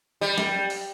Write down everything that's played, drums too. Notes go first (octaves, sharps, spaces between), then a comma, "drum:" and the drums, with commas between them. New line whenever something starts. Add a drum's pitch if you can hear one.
G3
drum: snare
drum: open hi-hat